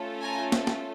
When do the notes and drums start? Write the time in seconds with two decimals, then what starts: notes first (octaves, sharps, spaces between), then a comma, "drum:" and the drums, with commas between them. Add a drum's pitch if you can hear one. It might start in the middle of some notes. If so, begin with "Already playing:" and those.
Already playing: A3 C#4 F4 A4
0.23 G#5 A#5
0.52 drum: snare
0.67 drum: snare